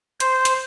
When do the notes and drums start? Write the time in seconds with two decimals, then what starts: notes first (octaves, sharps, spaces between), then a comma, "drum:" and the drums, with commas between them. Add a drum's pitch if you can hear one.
0.20 C5, drum: hi-hat
0.45 drum: hi-hat